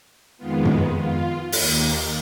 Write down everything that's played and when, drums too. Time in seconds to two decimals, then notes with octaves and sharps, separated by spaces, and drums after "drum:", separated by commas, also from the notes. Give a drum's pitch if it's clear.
0.38 F2 D#3 G#3 B3 F4
0.65 drum: tom F#2
0.95 F4
1.52 D#2 D#3 A#3, drum: open hi-hat